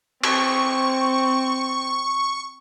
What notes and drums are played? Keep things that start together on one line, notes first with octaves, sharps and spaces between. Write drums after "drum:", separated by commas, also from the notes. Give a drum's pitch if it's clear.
C4 C#6, drum: cymbal